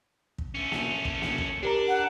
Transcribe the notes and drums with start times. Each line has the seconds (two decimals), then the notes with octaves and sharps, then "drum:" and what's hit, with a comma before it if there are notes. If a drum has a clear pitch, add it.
0.38 drum: kick
0.55 A3 C#4
0.72 drum: snare A#3
1.05 drum: kick
1.22 drum: snare A#3
1.38 drum: kick
1.63 D4 G4 A#4 A#5
1.88 F#5